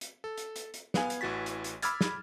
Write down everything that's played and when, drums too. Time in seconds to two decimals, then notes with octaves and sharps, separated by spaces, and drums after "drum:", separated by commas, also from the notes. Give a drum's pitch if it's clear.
0.01 drum: hi-hat
0.24 A4
0.38 drum: hi-hat
0.56 drum: hi-hat
0.74 drum: hi-hat
0.94 B3 F5 G#5, drum: snare
1.10 drum: hi-hat
1.21 A1 E3 F#4 A6 B6
1.46 drum: hi-hat
1.64 drum: hi-hat
1.82 B5 D6 E6 F6 G#6 A6, drum: hi-hat
2.01 drum: snare